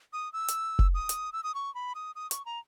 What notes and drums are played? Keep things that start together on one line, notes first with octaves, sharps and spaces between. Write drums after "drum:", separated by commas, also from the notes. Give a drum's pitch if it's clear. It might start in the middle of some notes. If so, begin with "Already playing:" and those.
D#6
E6
drum: hi-hat
drum: kick F1
D#6
drum: hi-hat
E6
D#6
C#6
B5
D#6
D#6
C#6, drum: hi-hat
A#5